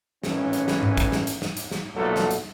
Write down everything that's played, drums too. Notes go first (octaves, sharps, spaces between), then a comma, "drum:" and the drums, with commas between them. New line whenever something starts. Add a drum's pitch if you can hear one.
G#1 A2 E3 C#4, drum: snare
drum: hi-hat
drum: snare
drum: tom G#2
drum: kick, hi-hat
drum: snare
drum: hi-hat
drum: snare
drum: hi-hat
drum: snare
B1 A#2 F#3 A3 A4
drum: snare
drum: hi-hat